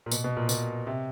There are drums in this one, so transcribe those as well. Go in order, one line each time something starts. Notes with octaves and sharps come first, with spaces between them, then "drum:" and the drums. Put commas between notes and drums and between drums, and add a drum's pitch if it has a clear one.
A#2
B2, drum: tambourine
B2
A#2
B2, drum: tambourine
C3